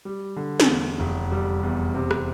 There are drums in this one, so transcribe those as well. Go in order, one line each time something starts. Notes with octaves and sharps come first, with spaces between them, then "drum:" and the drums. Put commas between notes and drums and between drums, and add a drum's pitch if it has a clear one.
G3
D3
drum: snare
E2
F1
G3
E2
C3
drum: rim click